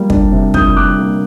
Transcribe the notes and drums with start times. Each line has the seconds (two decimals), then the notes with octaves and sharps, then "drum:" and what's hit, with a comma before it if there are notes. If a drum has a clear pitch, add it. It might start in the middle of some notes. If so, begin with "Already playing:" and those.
Already playing: G3 A#3
0.10 D4, drum: kick
0.32 C3
0.54 D4 D#6 G6, drum: kick
0.76 G3 D6 F#6
0.99 A#3